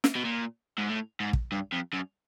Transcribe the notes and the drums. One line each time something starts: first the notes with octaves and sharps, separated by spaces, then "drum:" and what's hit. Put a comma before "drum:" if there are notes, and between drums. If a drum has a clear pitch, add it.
drum: snare
B2
A#2
G#2
A2
G#2
drum: kick
G2
F2
F#2